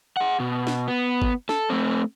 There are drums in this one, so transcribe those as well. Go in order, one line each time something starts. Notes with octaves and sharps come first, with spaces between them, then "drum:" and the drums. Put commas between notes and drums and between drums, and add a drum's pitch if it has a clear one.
G#4 F#5
B2
drum: snare
B3
drum: kick
A4, drum: snare
A3 C4